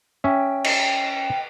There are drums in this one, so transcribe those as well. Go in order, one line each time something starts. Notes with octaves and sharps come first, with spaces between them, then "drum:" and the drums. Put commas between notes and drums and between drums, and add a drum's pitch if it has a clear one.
C#4 E5 G5
drum: cymbal